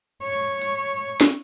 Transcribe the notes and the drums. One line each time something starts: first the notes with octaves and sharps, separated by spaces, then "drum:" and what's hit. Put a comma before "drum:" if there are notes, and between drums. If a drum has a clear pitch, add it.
C#5
drum: hi-hat
drum: snare